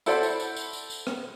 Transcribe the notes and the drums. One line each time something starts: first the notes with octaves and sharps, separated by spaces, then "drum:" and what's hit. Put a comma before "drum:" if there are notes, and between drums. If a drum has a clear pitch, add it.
E4 A4 C5 D5 F#5 B5, drum: tambourine
drum: tambourine
drum: tambourine
drum: tambourine
drum: tambourine
drum: tambourine
drum: rim click